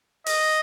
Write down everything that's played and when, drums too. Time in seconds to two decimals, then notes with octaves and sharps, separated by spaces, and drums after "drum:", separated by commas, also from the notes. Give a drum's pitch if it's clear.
0.26 D#5, drum: open hi-hat